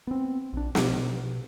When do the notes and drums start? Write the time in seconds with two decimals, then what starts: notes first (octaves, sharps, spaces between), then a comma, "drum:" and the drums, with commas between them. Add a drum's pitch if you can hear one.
0.07 B3 C4
0.53 A#1 D4
0.75 B2 F3, drum: snare
0.97 B2